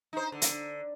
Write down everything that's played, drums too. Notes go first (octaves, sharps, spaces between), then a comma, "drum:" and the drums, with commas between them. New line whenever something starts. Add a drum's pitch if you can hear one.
D#4 C5
D3
drum: hi-hat